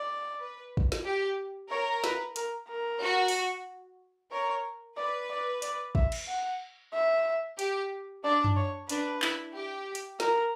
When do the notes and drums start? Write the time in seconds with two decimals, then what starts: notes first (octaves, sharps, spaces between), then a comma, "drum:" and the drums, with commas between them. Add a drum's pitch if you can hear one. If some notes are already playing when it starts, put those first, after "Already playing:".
Already playing: D5
0.40 B4
0.77 drum: kick
0.92 drum: snare
1.06 G4
1.71 A#4 C#5
2.04 B4, drum: snare
2.36 A#4, drum: hi-hat
2.68 A#4
3.01 F#4
3.28 drum: open hi-hat
4.32 A#4 C#5
4.97 B4 D5
5.30 D5
5.62 D5, drum: hi-hat
5.95 E5, drum: kick
6.12 drum: cymbal
6.28 F#5
6.94 E5
7.59 G4, drum: hi-hat
8.24 D4 D5
8.44 drum: tom F#2
8.57 C#5
8.89 D4 B4, drum: hi-hat
9.22 E4, drum: clap
9.54 G4
9.95 drum: hi-hat
10.20 A#4, drum: snare